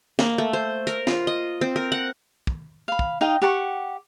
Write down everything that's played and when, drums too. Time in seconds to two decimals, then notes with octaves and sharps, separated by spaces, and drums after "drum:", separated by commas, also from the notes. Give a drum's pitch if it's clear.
0.19 A#3, drum: snare
0.38 A3
0.53 C5
0.87 A#4, drum: hi-hat
1.07 F4, drum: snare
1.27 D#5
1.61 C4
1.76 A#4
1.92 F#5
2.47 drum: kick
2.88 F5 B5
2.99 drum: kick
3.21 D#4 D#5 F5 G5
3.42 G4 F#5 A5 C#6